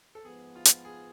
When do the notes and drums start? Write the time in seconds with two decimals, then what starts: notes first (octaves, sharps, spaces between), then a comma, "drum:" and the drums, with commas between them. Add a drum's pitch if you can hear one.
0.15 A4
0.25 G#2 F3 B3 G#4
0.56 F4
0.65 drum: hi-hat
0.85 G#4